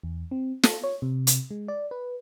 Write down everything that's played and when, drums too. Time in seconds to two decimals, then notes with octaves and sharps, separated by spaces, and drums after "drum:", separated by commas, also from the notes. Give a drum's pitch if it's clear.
0.03 E2
0.31 C4
0.63 A4, drum: snare
0.84 C#5
1.02 C3
1.27 drum: hi-hat
1.51 G#3
1.68 D5
1.91 B4